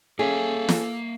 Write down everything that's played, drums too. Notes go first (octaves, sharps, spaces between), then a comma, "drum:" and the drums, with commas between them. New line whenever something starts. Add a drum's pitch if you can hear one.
A#3 C#4 G#4 A4 E5 F5
drum: snare